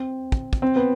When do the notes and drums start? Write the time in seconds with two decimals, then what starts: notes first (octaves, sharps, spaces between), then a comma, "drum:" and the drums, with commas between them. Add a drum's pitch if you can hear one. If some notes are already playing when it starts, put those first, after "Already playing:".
Already playing: C4
0.32 drum: kick
0.53 drum: kick
0.62 C4
0.76 B3